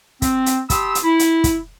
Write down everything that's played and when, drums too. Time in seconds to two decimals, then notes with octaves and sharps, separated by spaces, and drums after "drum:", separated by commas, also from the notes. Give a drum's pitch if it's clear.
0.22 C4, drum: kick, hi-hat
0.46 drum: hi-hat
0.70 G4 A5 B5 C6 D#6 E6, drum: kick, hi-hat
0.95 drum: hi-hat
1.04 E4
1.19 drum: hi-hat
1.44 drum: kick, hi-hat